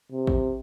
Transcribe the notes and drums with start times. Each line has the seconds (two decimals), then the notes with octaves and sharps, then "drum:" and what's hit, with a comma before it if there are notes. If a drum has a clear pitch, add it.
0.12 C3
0.27 drum: kick A1